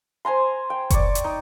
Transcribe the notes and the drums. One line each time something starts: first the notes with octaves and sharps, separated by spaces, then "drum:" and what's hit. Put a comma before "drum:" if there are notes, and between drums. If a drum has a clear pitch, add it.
C5 G#5 A#5 C6
G5
C#5 D5, drum: kick F#1, hi-hat
drum: hi-hat
D#4